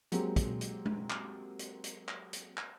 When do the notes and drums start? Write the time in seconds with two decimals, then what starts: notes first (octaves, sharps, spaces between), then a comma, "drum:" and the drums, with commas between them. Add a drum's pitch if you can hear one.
0.12 F#3 G#3 A#3 C4 G4, drum: hi-hat
0.36 drum: kick, hi-hat
0.61 drum: hi-hat
0.86 drum: tom G#3
1.10 drum: clap
1.59 drum: hi-hat
1.84 drum: hi-hat
2.08 drum: clap
2.33 drum: hi-hat
2.57 drum: clap